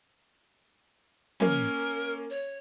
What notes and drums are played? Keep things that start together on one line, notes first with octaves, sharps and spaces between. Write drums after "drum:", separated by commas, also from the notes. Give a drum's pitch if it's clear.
A#3 C#4 A#4, drum: tom
C#5